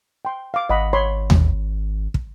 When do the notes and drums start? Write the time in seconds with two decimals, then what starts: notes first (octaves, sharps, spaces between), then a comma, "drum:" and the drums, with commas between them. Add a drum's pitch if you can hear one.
0.25 G5 C6
0.54 F5 D6
0.70 G#1 D#5 F#5 B5
0.93 C#5 B5 C6
1.30 drum: tom D#2
2.14 drum: kick